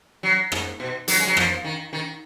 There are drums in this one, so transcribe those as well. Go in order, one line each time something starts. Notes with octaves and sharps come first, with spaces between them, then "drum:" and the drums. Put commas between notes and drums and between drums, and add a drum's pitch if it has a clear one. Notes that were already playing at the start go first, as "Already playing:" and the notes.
F#3
G#2, drum: rim click
B2
F#3, drum: hi-hat
G#3
F#3
F3, drum: rim click
D#3
D#3